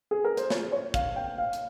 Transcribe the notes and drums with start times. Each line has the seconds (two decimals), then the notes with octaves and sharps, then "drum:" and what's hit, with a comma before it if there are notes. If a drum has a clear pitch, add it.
0.11 G#4
0.24 A#4
0.37 C5, drum: hi-hat
0.50 C#5, drum: snare
0.72 C#5
0.94 F5, drum: kick, hi-hat
1.16 G5
1.38 F5
1.53 drum: hi-hat